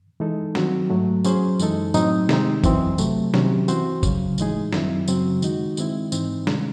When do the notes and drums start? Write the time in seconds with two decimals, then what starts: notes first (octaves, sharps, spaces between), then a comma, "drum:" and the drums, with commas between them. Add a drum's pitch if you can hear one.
0.20 E3 G#3 D#4 A4
0.55 D#3 F#3 C4 F#4, drum: snare
0.90 G#2 F#3 A3
1.24 F#3 C#4 G#4 C5, drum: tambourine
1.59 F#2 E3 G#3 D#4 A4, drum: tambourine
1.94 A2 F#3 C4 D#4, drum: tambourine
2.29 C3 D#3 G#3 C4 D#4, drum: snare
2.64 F#2 E3 C4, drum: kick G1, tambourine
2.98 C3 F#3 A3, drum: tambourine
3.34 C3 D#3 F#3 C#4, drum: snare
3.68 E3 C4 F#4 C5, drum: tambourine
4.03 C#3 F#3 C#4, drum: kick G1, tambourine
4.38 A2 E3 G#3 D#4 G#4, drum: tambourine
4.73 F#2 D#3 F#3 C4 E4, drum: snare
5.08 F#2 C#3 F#3 C4 F#4, drum: tambourine
5.42 D#3 G#3 D#4 F#4, drum: tambourine
5.77 D#3 G#3 C4 E4, drum: tambourine
6.12 G#2 E3 C4 D#4, drum: tambourine
6.47 C3 D#3 G#3 C#4, drum: snare